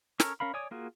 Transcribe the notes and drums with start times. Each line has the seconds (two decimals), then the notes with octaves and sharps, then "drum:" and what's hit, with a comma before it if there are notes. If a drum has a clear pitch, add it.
0.20 C#4 A4 A#4 C#5, drum: snare
0.40 C#4 A#4 F5 B5
0.54 C#5 D5 G#5 D#6
0.71 A#3 F4 F#4 G#4